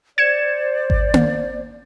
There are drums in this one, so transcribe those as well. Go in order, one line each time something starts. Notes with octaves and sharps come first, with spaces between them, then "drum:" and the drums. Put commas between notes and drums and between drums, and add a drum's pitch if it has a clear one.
C5 D5 G#6 C#7 E7
drum: kick G#1
drum: tom A#3